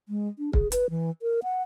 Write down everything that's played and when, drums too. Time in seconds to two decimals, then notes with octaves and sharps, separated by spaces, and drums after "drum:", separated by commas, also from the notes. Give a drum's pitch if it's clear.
0.09 G#3
0.39 D4
0.53 G#4, drum: kick
0.72 B4, drum: hi-hat
0.90 E3
1.22 A#4
1.43 F#5